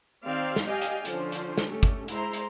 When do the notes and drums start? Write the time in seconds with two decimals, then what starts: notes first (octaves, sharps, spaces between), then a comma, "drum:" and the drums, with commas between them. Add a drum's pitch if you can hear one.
0.24 D#3 C4 G4 D5 F5
0.56 drum: snare
0.67 G4 D5 D#5 F5 G5 G#5
0.82 drum: hi-hat
1.05 D3 F3 C#4 D4 F4 C5, drum: hi-hat
1.32 drum: hi-hat
1.58 drum: snare
1.69 A3 C#4 G4 A4
1.83 drum: kick, hi-hat
2.08 G#3 E4 C5 A#5 C6, drum: hi-hat
2.33 drum: hi-hat